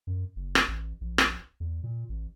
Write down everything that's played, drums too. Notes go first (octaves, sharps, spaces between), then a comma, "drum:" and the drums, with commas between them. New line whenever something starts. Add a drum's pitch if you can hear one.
F#2
F#1
drum: rim click
A1
A#1
drum: rim click
E2
A#2
A1